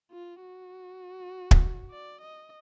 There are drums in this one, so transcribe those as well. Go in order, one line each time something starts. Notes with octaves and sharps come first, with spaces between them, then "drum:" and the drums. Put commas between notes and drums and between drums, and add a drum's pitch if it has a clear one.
F4
F#4
drum: kick
D5
D#5